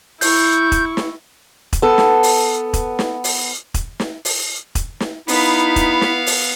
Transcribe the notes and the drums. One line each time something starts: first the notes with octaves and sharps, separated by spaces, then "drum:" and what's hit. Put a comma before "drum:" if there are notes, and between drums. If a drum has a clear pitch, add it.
E4 C#6 G6, drum: open hi-hat
drum: kick E1, hi-hat
drum: snare
drum: kick E1, hi-hat
B3 A4
drum: snare
drum: open hi-hat
drum: kick E1, hi-hat
drum: snare
drum: open hi-hat
drum: kick E1, hi-hat
drum: snare
drum: open hi-hat
drum: kick E1, hi-hat
drum: snare
B3 D#4 E4 F5 B5, drum: open hi-hat
drum: kick E1, hi-hat
drum: snare
drum: open hi-hat